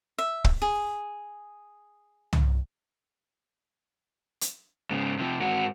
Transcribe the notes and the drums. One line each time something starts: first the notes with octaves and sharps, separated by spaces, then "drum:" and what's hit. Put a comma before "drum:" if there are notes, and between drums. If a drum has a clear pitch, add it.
E5
drum: kick
G#4
drum: tom
drum: hi-hat
G#2 C#3
C3 F3
G#2 F#4